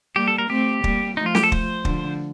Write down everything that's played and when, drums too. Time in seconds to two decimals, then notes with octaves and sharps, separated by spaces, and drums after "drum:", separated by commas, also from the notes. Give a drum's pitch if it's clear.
0.15 G3 A#3 G4
0.28 A4
0.38 A#4
0.50 A3 C4 G4
0.84 G3 A#3, drum: kick
1.17 F3 A3 D#4
1.26 F4
1.35 G4, drum: snare
1.43 A4
1.52 C5, drum: kick
1.85 D3 F3, drum: kick